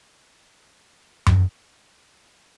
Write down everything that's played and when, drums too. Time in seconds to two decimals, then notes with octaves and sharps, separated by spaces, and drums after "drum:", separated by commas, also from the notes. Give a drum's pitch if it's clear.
1.26 drum: tom F#2
1.80 G#3
1.97 C#4
2.14 A#4
2.35 C#3